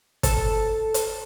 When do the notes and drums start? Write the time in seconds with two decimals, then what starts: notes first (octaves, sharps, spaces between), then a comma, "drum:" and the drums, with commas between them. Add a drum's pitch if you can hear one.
0.23 A4, drum: kick, hi-hat
0.94 drum: hi-hat